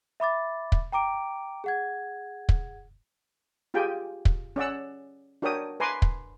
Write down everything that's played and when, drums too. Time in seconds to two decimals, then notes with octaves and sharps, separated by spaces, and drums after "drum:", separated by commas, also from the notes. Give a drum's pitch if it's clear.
0.20 E5 B5 D6 A6
0.72 drum: kick
0.92 G5 A#5 D6 D7
1.64 G#4 F#5 G#6
2.49 drum: kick
3.74 F4 G4 G#4 G5 G#5
4.25 drum: kick
4.56 C#4 D5 F#5 E6
5.42 D4 F#4 A#4 C#5 G5 D#6
5.80 B4 G#5 A#5 C6 D6
6.02 drum: kick